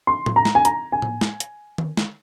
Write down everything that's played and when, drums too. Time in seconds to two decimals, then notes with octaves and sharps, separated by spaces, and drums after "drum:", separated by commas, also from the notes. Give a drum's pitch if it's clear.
0.07 C6
0.26 drum: tom A2
0.36 A#5
0.45 drum: snare
0.55 G#5
0.65 A#5, drum: hi-hat
0.92 G#5
1.02 drum: tom A2
1.21 drum: snare
1.40 drum: hi-hat
1.78 drum: tom D#3
1.97 drum: snare